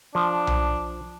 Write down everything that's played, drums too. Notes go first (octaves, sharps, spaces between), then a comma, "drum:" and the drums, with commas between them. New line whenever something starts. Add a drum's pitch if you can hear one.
F3 D4
drum: tom B1